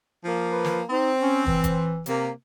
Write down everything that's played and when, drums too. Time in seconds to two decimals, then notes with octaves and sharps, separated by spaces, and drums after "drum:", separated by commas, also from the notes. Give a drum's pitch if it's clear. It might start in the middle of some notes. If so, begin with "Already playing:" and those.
0.25 F3 A#3
0.52 B4
0.64 drum: snare
0.90 C4 D#4
1.22 C#4
1.47 E3, drum: kick
1.64 drum: kick, hi-hat
2.06 C3 A#3, drum: hi-hat